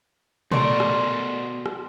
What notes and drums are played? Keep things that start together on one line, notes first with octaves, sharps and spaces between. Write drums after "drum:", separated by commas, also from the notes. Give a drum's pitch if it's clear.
B2 A3 A#4 D5 C6, drum: tom
drum: rim click
drum: rim click